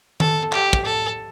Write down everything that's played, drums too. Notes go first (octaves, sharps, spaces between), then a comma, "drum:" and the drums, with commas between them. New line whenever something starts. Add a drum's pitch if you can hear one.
A4, drum: tom D#3
G4, drum: clap
drum: kick
A4